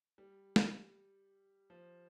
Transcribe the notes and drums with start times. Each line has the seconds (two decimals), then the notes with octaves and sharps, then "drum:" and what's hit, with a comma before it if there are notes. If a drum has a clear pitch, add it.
0.18 G3
0.56 drum: snare
1.70 F3